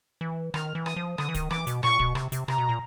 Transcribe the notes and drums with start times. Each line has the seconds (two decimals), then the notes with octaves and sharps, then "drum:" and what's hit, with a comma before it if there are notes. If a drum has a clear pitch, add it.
0.21 E3
0.54 D#3 F6, drum: rim click
0.75 E3
0.86 D#6, drum: rim click
0.96 F3
1.18 D3 D#6, drum: rim click
1.29 E3
1.34 D#3, drum: kick, hi-hat
1.50 E3 D6, drum: rim click
1.67 B2, drum: hi-hat
1.83 A#2 C#6, drum: rim click
1.99 B2, drum: kick
2.15 C3, drum: rim click
2.32 C3, drum: hi-hat
2.48 C3 A#5, drum: rim click
2.58 B2
2.69 A#2